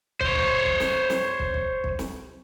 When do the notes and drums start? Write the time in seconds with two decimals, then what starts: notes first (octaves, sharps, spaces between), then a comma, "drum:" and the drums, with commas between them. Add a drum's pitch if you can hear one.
0.21 C5 C#5, drum: kick
0.35 drum: kick
0.65 drum: kick
0.80 drum: snare
1.10 drum: snare
1.39 drum: kick
1.54 drum: kick
1.84 drum: kick
1.99 drum: snare